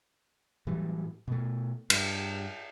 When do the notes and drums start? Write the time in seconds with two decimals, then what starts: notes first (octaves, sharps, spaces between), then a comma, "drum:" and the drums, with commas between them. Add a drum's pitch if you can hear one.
0.67 A2 E3 F#3 G3
1.28 B2 A3
1.90 G2, drum: cymbal